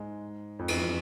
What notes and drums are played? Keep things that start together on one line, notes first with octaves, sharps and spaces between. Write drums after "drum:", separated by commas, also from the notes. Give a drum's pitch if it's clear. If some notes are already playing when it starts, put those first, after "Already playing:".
Already playing: G#2 G#3
F2 F3
E2 E3, drum: cymbal
F3